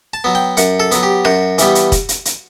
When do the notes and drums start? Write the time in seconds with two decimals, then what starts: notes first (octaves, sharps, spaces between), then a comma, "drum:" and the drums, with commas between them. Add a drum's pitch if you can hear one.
0.14 A5
0.24 F#3 B3
0.35 G5
0.57 F#2 F#5, drum: hi-hat
0.80 A4
0.91 F#3 B3, drum: hi-hat
1.03 G4
1.25 F#2 F#4, drum: rim click
1.58 E3 G3 B3, drum: hi-hat
1.75 drum: hi-hat
1.92 drum: kick, hi-hat
2.09 drum: hi-hat
2.25 drum: hi-hat